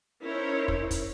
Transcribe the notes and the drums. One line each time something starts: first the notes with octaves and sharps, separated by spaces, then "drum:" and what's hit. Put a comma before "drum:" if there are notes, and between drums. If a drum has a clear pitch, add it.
C#4 D#4 E4 A#4 C5 C#5
drum: kick
drum: kick, hi-hat